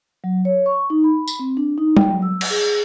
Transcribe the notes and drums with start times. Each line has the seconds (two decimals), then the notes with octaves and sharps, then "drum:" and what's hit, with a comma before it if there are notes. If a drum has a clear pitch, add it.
0.24 F#3
0.45 C#5
0.66 C#6
0.90 D#4
1.04 B5
1.28 drum: tambourine
1.39 C4
1.57 D4
1.78 D#4
1.97 G5, drum: tom G3
2.10 F#3
2.22 E6
2.41 drum: cymbal
2.50 G#4